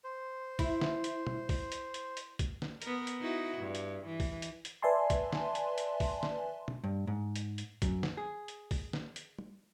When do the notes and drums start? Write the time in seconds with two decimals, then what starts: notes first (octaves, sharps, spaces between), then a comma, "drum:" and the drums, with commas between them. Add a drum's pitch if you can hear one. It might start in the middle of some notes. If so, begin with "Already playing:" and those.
0.04 C5
0.59 E4, drum: kick, open hi-hat
0.81 drum: snare
1.04 drum: hi-hat
1.27 drum: tom
1.49 drum: kick, open hi-hat
1.72 drum: hi-hat
1.94 drum: hi-hat
2.17 drum: hi-hat
2.39 drum: kick, hi-hat
2.62 drum: snare
2.82 B3 A#4, drum: hi-hat
3.07 drum: hi-hat
3.21 D#4 E4 F#4
3.58 G2
3.75 drum: hi-hat
4.06 E3
4.20 drum: kick, open hi-hat
4.42 drum: hi-hat
4.65 drum: hi-hat
4.82 B4 D5 E5 G#5 A5 C6
5.10 drum: kick, hi-hat
5.33 drum: snare
5.55 drum: hi-hat
5.78 drum: hi-hat
6.00 drum: kick, open hi-hat
6.23 drum: snare
6.68 drum: tom
6.84 G2
7.07 G#2
7.36 drum: hi-hat
7.58 drum: hi-hat
7.82 F#2, drum: kick, hi-hat
8.03 drum: snare
8.17 G#4
8.48 drum: hi-hat
8.71 drum: kick, open hi-hat
8.93 drum: snare
9.16 drum: hi-hat
9.39 drum: tom